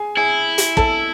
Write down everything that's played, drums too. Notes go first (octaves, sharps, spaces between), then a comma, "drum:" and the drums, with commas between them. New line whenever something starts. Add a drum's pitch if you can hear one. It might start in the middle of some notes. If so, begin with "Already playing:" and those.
Already playing: G#4 G#5
E4 G#4 G#5
drum: hi-hat
A4 A5, drum: kick